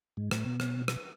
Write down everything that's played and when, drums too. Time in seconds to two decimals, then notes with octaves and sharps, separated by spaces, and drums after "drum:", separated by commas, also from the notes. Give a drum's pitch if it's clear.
0.17 G#2 G#3
0.31 A2 A3, drum: rim click
0.46 B2 B3
0.60 drum: rim click
0.88 drum: rim click